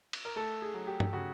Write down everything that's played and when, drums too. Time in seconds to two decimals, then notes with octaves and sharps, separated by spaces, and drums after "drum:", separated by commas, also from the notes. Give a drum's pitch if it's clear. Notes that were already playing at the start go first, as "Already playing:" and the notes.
0.13 drum: cymbal
0.25 A#4
0.36 A3 A4
0.62 G#4
0.74 F#3
0.87 G4
1.00 drum: tom G2
1.13 C#3 F#4